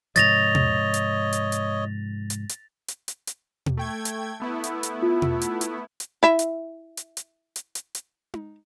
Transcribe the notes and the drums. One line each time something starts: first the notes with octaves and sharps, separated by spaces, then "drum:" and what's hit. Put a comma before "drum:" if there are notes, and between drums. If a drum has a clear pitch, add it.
G#2 C3 F3 C#5 D#5 A6 A#6 F7, drum: hi-hat
drum: tom B2
drum: hi-hat
drum: hi-hat
drum: hi-hat
drum: hi-hat
drum: hi-hat
drum: hi-hat
drum: hi-hat
drum: hi-hat
drum: tom B2
A3 G5 G#6
drum: hi-hat
A3 B3 E4
drum: hi-hat
drum: hi-hat
F4
drum: tom B2
drum: hi-hat
drum: hi-hat
drum: hi-hat
E4 E5
drum: hi-hat
drum: hi-hat
drum: hi-hat
drum: hi-hat
drum: hi-hat
drum: hi-hat
drum: tom D#4